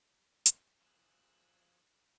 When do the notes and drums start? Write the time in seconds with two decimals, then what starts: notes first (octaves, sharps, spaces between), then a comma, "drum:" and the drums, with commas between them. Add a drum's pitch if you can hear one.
0.46 drum: hi-hat
0.81 F3 G#4 E6 F#6